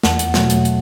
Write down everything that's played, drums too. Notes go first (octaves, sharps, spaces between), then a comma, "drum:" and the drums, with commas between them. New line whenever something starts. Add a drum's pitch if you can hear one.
E2 F#5 A5, drum: snare
drum: hi-hat
B2 F#3 A3, drum: snare
drum: hi-hat
drum: hi-hat